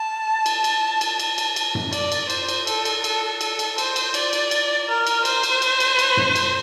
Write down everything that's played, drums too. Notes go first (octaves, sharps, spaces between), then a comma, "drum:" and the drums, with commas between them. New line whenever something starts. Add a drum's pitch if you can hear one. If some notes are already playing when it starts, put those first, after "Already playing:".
Already playing: A5
drum: cymbal
drum: cymbal
drum: cymbal
drum: cymbal
drum: cymbal
drum: cymbal
drum: tom F#2
D5, drum: cymbal
drum: cymbal
C5, drum: cymbal
drum: cymbal
A4, drum: cymbal
drum: cymbal
A4, drum: cymbal
A4, drum: cymbal
drum: cymbal
C5, drum: cymbal
drum: cymbal
D5, drum: cymbal
drum: cymbal
drum: cymbal
A#4
drum: cymbal
C5, drum: cymbal
drum: cymbal
drum: cymbal
drum: cymbal
drum: cymbal
drum: tom F#2
drum: cymbal